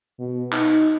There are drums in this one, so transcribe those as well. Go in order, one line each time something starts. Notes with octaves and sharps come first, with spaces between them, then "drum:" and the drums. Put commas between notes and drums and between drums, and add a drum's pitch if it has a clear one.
B2
D#4, drum: clap